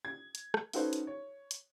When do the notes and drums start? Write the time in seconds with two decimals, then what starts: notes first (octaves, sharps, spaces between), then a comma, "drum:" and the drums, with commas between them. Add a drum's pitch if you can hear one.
0.05 G#6
0.35 drum: hi-hat
0.54 drum: rim click
0.73 C#4 D#4 F#4 A4 B4 C5, drum: open hi-hat
0.93 drum: hi-hat
1.07 C#5
1.51 drum: hi-hat